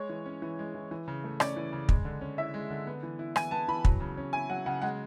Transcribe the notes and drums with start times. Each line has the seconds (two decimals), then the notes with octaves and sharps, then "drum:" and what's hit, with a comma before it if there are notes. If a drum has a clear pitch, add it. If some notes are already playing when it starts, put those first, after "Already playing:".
Already playing: G#3 C#5
0.09 E3
0.26 C#4
0.42 E3
0.59 G#3
0.75 E3
0.91 E3
1.08 C#3
1.24 A3
1.40 C#4 D5, drum: rim click
1.57 E3
1.73 C#3
1.89 G#3, drum: kick
2.05 D3
2.21 C#4
2.38 E4 E5
2.54 G#3
2.70 D3
2.87 B3
3.03 E3
3.19 E4
3.36 E3 G#5, drum: rim click
3.51 B3 A5
3.68 E3 B5
3.85 F#3, drum: kick
4.00 C#3
4.17 C#4
4.33 E4 G#5
4.50 F#3 F#5
4.66 C#3 F#5
4.82 G#3 F#5